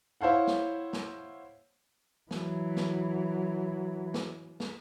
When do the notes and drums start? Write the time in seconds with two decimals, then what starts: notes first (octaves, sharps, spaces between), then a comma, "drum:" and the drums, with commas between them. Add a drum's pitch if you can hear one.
0.21 E4 C5 C#5 F5 F#5
0.47 drum: snare
0.93 drum: snare
2.31 E3 F#3, drum: snare
2.77 drum: snare
4.14 drum: snare
4.60 drum: snare